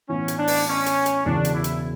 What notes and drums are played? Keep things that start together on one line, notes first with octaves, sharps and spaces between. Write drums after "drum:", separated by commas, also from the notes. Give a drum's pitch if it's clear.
A2 E3 B3 C#4 E4
drum: hi-hat
D4
drum: open hi-hat
C#4
drum: hi-hat
drum: hi-hat
E1 E2 C#3 E3 B3 D4
drum: hi-hat
E4
drum: hi-hat